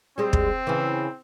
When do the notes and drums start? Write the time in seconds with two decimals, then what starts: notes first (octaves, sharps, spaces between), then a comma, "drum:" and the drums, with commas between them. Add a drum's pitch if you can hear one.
0.18 G3 G#3 C4
0.33 drum: kick
0.67 C#3 E3